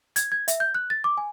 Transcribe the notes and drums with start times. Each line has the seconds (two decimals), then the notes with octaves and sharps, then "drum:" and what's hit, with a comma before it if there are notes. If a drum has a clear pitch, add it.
0.16 G#6, drum: hi-hat
0.32 G#6
0.48 E5, drum: hi-hat
0.60 G6
0.75 F#6
0.90 A6
1.04 D6
1.18 G#5